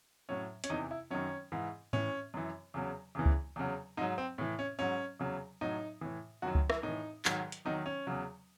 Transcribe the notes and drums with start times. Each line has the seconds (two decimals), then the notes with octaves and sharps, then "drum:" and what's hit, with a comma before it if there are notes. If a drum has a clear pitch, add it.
0.29 A2 F#3 C#4
0.64 C#4, drum: hi-hat
0.70 E2 C3 E3 D#4
0.91 E4
1.10 F#2 D#3 F#3 C#4
1.52 G#2 E3
1.93 A2 E3 C#4, drum: tom G#2
2.34 F#2 E3
2.74 E2 C#3 F#3
3.15 E2 C#3 E3
3.26 drum: kick C#2
3.56 E2 C#3 F#3
3.97 G#2 F#3 D#4
4.18 C4
4.38 A2 E3
4.59 C#4
4.79 G#2 F#3 C#4
5.20 E2 C#3 F#3
5.61 A2 F#3 D#4
6.01 A2 E3
6.42 F#2 D#3 F#3 F#4
6.55 drum: kick C#2
6.70 E4, drum: rim click
6.83 A2 E3 D#4
7.25 G#2 D#3 F#3, drum: clap
7.52 drum: hi-hat
7.65 E2 D#3 F#3 D#4
7.86 C#4
8.07 E2 C#3 F#3